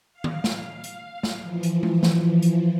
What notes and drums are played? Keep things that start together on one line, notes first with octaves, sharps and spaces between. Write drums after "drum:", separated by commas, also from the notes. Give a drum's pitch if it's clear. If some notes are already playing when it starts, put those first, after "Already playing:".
F5
drum: tom D#3
drum: snare
drum: hi-hat
drum: snare
E3 F3
drum: hi-hat
drum: tom G#3
drum: snare
drum: hi-hat